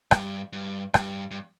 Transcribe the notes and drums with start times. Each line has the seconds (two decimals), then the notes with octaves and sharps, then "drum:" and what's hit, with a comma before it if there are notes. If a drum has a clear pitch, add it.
0.11 G2, drum: rim click
0.53 G2
0.94 G2, drum: rim click
1.31 G2